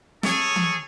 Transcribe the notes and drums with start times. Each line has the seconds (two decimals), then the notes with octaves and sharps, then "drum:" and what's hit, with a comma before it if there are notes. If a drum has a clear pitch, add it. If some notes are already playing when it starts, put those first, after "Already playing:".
0.23 G#4 A4 C#5, drum: snare
0.56 drum: tom E3